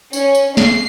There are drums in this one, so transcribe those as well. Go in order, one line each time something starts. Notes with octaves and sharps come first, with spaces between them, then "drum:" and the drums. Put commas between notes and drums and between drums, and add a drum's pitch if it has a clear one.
C#4, drum: tambourine
drum: tambourine
C7, drum: snare